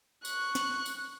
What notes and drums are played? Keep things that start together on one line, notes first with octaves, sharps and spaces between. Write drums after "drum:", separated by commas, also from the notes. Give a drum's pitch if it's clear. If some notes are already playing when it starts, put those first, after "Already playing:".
C#6 F#6, drum: tambourine
drum: snare
drum: tambourine